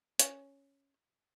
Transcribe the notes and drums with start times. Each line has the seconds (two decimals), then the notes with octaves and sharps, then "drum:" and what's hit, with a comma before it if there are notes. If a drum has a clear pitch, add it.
0.19 C#4, drum: hi-hat